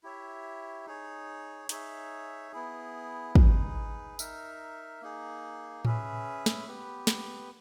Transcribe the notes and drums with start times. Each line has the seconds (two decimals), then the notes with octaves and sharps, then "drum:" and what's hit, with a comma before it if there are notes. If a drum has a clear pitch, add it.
0.03 E4 G4 C#5 E5
0.86 D#4 G#4 C#5
1.69 D#4 G#4 C#5 E5, drum: hi-hat
2.52 B3 E4 G#4
3.35 D#4 G#4 B4, drum: kick
4.19 D#4 A#4 E5, drum: tambourine
5.01 A#3 D#4 G#4
5.85 C#4 G#4 B4 E5, drum: tom A2
6.46 drum: snare
6.67 B3 G4 B4
7.07 drum: snare